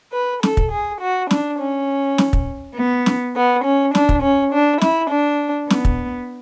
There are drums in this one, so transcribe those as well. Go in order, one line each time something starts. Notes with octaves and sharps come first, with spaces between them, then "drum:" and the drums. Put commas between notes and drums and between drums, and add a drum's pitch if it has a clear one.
B4
A4, drum: snare
drum: kick
G#4
F#4
D4, drum: snare
C#4
drum: snare
drum: kick
B3
drum: snare
B3
C#4
D4, drum: snare
drum: kick
C#4
D4
E4, drum: snare
D4
B3, drum: snare
drum: kick